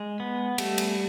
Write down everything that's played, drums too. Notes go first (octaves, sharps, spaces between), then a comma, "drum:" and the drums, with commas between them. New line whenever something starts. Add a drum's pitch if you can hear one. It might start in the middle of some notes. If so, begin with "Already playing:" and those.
Already playing: G#3
B3
G3 A3, drum: cymbal
drum: cymbal